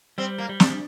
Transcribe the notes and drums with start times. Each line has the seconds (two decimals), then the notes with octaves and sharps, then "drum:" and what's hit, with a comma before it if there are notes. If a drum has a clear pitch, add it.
0.18 G3 C4
0.38 A#3
0.49 G3
0.60 D4, drum: snare